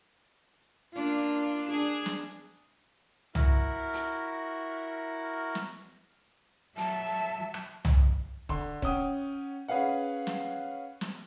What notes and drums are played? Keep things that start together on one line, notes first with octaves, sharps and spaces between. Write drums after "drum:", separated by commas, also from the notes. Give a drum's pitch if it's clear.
A#3 D4 F4
D4 G#4
drum: snare
E4 F#4 A#4, drum: tom C2
drum: hi-hat
drum: snare
F#3 E5 A5, drum: hi-hat
drum: rim click
drum: tom C2
D3 C6, drum: kick D#1
C#4 F#5 G5 D#6, drum: kick D#1
C#4 G#4 B4 F5 F#5
drum: snare
drum: snare